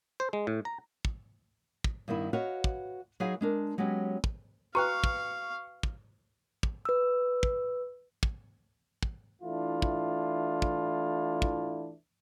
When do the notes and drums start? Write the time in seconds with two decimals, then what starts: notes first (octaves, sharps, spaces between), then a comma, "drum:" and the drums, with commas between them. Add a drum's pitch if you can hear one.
0.20 C5
0.33 G#3
0.47 A2
0.65 A#5
1.05 drum: kick
1.84 drum: kick
2.08 G2 D#3 B3 E4
2.33 F#4 B4 C#5 D#5 F5
2.64 drum: kick
3.20 F#3 D#4 G#4 B4 F5 G#5
3.41 G#3 D4 A#4
3.78 F#3 G#3 B3 C#4 G4
4.24 drum: kick
4.75 F#4 B4 F5 G5 A#5 C#6 F6 F#6
5.04 drum: kick
5.83 drum: kick
6.63 drum: kick
6.85 B4 E6
7.43 drum: kick
8.23 drum: kick
9.03 drum: kick
9.42 E3 A3 D4 E4 F4
9.82 drum: kick
10.62 drum: kick
11.42 drum: kick